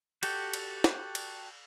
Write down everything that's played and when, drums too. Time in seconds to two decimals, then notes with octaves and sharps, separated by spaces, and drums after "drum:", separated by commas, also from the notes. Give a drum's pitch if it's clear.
0.23 F#4 G4 A4 G5, drum: cymbal
0.54 drum: cymbal
0.84 drum: snare
1.15 drum: cymbal